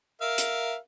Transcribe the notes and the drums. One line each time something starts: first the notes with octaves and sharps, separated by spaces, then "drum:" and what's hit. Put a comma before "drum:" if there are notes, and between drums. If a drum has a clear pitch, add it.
A#4 E5 F5
drum: hi-hat